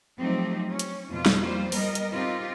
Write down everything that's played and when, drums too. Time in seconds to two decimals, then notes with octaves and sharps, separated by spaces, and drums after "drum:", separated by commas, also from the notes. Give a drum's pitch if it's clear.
0.19 F3 F#3 A3 C4 D#4 G4
0.69 C#4
0.79 drum: hi-hat
1.09 F2 B2 F4
1.26 drum: snare
1.41 G3 A#3 F4 C5
1.72 G3 B3 A#4 D#5, drum: open hi-hat
1.95 drum: hi-hat
2.12 C4 D#4 F4 G4